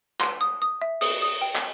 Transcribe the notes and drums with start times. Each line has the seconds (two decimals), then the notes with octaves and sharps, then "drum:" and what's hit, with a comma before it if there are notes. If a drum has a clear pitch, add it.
0.20 C6, drum: clap
0.41 D#6
0.62 D#6
0.82 E5
1.01 D#6, drum: open hi-hat
1.22 D#6
1.41 G5
1.55 drum: clap